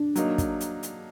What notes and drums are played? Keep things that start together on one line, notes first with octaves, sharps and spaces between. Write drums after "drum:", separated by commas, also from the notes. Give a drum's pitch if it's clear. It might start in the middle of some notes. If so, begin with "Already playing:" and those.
Already playing: D4
F#3 A#3 D#4, drum: hi-hat
drum: kick, hi-hat
drum: hi-hat
drum: hi-hat